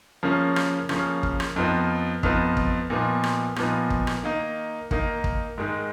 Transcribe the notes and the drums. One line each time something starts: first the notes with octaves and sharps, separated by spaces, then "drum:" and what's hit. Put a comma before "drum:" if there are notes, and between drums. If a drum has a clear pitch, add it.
C#3 F3 A#3 C#4
drum: rim click
C#3 F3 A#3 C#4, drum: rim click
drum: kick
drum: rim click
F2 F3 B3 D#4
F2 F3 B3 D#4, drum: kick
drum: kick
A#2 F3 B3 D#4
drum: rim click
A#2 F3 B3 D#4, drum: rim click
drum: kick
drum: rim click
D#3 A#3 D#4
D#3 A#3 D#4, drum: kick
drum: kick
G#2 D#3 G#3 D#4